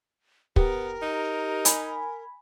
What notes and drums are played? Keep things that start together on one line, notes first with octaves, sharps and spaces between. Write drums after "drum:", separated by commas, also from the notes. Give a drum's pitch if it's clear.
B3 G4 A#4, drum: kick
D#4
G#5 B5, drum: hi-hat